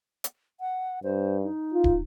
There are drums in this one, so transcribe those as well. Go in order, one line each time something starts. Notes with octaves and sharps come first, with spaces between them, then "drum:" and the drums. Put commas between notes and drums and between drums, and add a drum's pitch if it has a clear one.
drum: hi-hat
F#5
G2 C5
D#4
F4
drum: kick